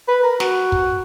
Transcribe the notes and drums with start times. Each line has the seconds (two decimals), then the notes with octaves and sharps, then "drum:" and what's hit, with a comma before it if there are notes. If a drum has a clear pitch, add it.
0.08 B4
0.23 A#4
0.40 F#4, drum: snare
0.72 drum: kick